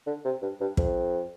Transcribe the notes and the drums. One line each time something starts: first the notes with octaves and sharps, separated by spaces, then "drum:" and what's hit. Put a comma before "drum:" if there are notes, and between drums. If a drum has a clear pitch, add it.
D3
C3
G2
G2
F2, drum: kick